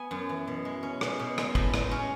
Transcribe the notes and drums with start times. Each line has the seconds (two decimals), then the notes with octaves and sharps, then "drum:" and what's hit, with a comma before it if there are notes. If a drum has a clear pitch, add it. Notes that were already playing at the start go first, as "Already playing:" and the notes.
Already playing: B3 G#5
0.11 F#2
0.29 E3
0.47 B2
0.65 G#3
0.83 C#4
1.01 B2, drum: rim click
1.19 B2
1.38 G#3, drum: rim click
1.55 A2, drum: kick
1.74 G#3, drum: rim click
1.91 C#4